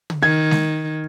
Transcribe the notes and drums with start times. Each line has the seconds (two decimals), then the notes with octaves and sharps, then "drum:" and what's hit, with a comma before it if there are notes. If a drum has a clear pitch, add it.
0.10 drum: tom
0.23 D#3 G#6
0.51 drum: snare G#3